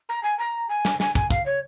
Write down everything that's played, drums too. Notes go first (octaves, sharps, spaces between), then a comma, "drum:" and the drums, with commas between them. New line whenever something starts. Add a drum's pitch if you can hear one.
A#5
G#5
A#5
G#5
drum: snare
G#5, drum: snare
G#5, drum: kick
F5, drum: kick
C#5